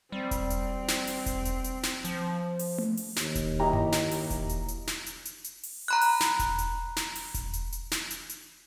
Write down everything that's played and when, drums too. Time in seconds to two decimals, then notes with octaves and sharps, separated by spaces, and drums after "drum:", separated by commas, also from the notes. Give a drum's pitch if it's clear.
0.12 G3 C4
0.31 drum: kick E1, hi-hat
0.50 drum: hi-hat
0.88 drum: snare
1.07 drum: open hi-hat
1.26 drum: kick E1, hi-hat
1.45 drum: hi-hat
1.64 drum: hi-hat
1.83 drum: snare
2.05 F3, drum: hi-hat
2.59 drum: open hi-hat
2.78 drum: tom A3
2.97 drum: open hi-hat
3.16 D#2, drum: snare
3.35 drum: kick E1, hi-hat
3.60 F#3 A#3 E4 G4 D#5 A#5
3.73 drum: tom F#2
3.92 drum: snare
4.11 drum: open hi-hat
4.30 drum: kick E1, hi-hat
4.49 drum: hi-hat
4.68 drum: hi-hat
4.87 drum: snare
5.06 drum: hi-hat
5.25 drum: hi-hat
5.44 drum: hi-hat
5.63 drum: open hi-hat
5.88 A#5 B5 F#6
6.01 drum: open hi-hat
6.20 drum: snare
6.39 drum: kick E1, hi-hat
6.58 drum: hi-hat
6.96 drum: snare
7.15 drum: open hi-hat
7.34 drum: kick E1, hi-hat
7.53 drum: hi-hat
7.72 drum: hi-hat
7.91 drum: snare
8.10 drum: hi-hat
8.29 drum: hi-hat